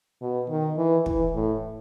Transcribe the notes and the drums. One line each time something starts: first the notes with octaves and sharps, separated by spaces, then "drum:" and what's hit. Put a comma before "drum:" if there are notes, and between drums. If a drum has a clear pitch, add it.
B2
D#3
E3
E3, drum: kick
A2